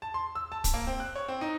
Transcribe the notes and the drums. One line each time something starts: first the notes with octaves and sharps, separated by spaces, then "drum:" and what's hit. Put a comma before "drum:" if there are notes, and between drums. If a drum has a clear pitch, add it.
A5
C6
E6
A5
drum: kick, hi-hat
A#3
C4
F#6
C#5
C4
D#4